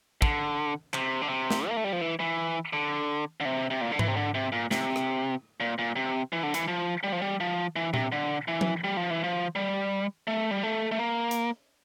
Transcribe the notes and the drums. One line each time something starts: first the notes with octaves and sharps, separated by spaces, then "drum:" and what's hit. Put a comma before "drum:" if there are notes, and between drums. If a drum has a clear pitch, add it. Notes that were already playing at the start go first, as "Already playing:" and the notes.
D3, drum: kick
C3, drum: clap
D3
C3
drum: snare
A#3
A3
G3
F3
E3
E3
D3
D3
C3
C3
A#2
D3
E3, drum: tom G#2
C3
D3
C3
A#2
C3, drum: snare
drum: rim click
A#2
A#2
C3
E3
D3
E3, drum: hi-hat
F3
G3
F3
G3
F3
E3
C3, drum: tom A#2
D3
E3
drum: tom F3
G3
F3
E3
F3
G3
A3
G3
A3
A3
A#3
drum: hi-hat